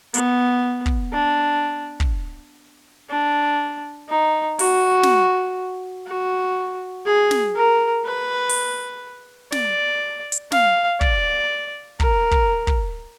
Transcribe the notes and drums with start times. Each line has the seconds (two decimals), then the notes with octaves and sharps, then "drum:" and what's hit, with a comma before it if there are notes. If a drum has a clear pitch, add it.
0.14 B3, drum: hi-hat
0.86 drum: kick
1.13 D4
2.00 drum: kick
3.10 D4
4.09 D#4
4.59 F#4, drum: open hi-hat
5.03 drum: snare
6.07 F#4
7.06 G#4
7.31 drum: snare
7.55 A#4
8.05 B4
8.49 drum: open hi-hat
9.52 D5, drum: snare
10.32 drum: hi-hat
10.52 F5, drum: snare
11.01 D5, drum: kick
12.00 A#4, drum: kick
12.31 drum: kick
12.67 drum: kick